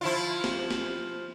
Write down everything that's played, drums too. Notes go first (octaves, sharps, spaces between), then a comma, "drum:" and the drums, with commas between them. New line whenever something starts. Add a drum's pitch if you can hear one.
F3 E4 F4
drum: snare
drum: snare